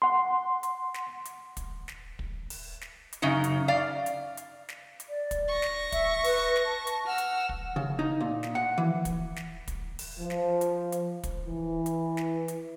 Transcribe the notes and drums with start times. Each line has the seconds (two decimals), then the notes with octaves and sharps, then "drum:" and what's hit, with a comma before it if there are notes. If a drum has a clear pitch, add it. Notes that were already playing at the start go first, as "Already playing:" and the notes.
0.02 F#5 C6
0.63 drum: hi-hat
0.94 drum: snare
1.25 drum: hi-hat
1.57 drum: kick, hi-hat
1.88 drum: snare
2.19 drum: kick
2.50 drum: open hi-hat
2.81 drum: snare
3.13 drum: hi-hat
3.22 F#2 C#3 D#4
3.44 drum: hi-hat
3.68 D5 F5
4.06 drum: hi-hat
4.37 drum: hi-hat
4.69 drum: snare
5.00 drum: hi-hat
5.09 D5
5.31 drum: kick, hi-hat
5.48 C#6 A#6
5.62 drum: snare
5.92 E5, drum: kick, hi-hat
6.24 B4, drum: open hi-hat
6.56 drum: snare
6.65 A5
6.87 drum: hi-hat
7.06 F#5 E6 F6
7.18 drum: hi-hat
7.49 drum: kick
7.76 C#3
7.99 D#4
8.21 A#2
8.43 drum: snare
8.55 F#5
8.78 E3
9.05 drum: kick, hi-hat
9.36 drum: snare
9.68 drum: kick, hi-hat
9.99 drum: open hi-hat
10.20 F3
10.30 drum: snare
10.61 drum: hi-hat
10.92 drum: hi-hat
11.23 drum: kick, hi-hat
11.46 E3
11.86 drum: hi-hat
12.17 drum: snare
12.48 drum: hi-hat